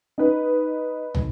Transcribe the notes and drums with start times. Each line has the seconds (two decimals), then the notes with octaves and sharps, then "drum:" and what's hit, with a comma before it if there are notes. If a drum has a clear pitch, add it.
0.18 D#4 B4
1.15 drum: tom